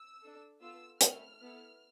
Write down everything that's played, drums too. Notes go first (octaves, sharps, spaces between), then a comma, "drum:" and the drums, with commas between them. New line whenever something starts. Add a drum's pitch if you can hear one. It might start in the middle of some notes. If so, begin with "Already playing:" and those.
Already playing: E6
D4 A4
B3 F4 A4 E6
A3 E4 A4 F6, drum: hi-hat
B3 E4 A4